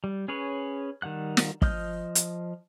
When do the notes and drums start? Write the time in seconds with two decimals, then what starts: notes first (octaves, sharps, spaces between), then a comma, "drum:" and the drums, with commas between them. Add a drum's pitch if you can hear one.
0.04 G3
0.28 C#4 G#4 B4 C#5
1.02 D#3 G3 F#5 F#6
1.37 drum: snare
1.62 F3 D#5 D#6 F6 G6, drum: kick
2.15 drum: hi-hat